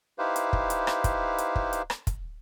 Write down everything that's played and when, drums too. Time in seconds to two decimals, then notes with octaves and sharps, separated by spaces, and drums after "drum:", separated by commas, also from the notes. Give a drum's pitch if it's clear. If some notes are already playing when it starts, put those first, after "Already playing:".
0.19 D#4 E4 G4 B4 C5 F5
0.36 drum: hi-hat
0.53 drum: kick
0.70 drum: hi-hat
0.87 drum: rim click
1.04 drum: kick, hi-hat
1.38 drum: hi-hat
1.56 drum: kick
1.73 drum: hi-hat
1.90 drum: rim click
2.07 drum: kick, hi-hat